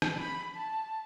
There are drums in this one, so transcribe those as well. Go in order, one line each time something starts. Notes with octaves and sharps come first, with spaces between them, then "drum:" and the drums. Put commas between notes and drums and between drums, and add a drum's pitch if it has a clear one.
drum: rim click
B5
A5